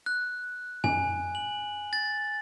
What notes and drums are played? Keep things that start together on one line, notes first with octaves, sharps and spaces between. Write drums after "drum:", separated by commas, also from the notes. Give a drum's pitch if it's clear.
F#6
G#5, drum: tom F#2
F#7
A6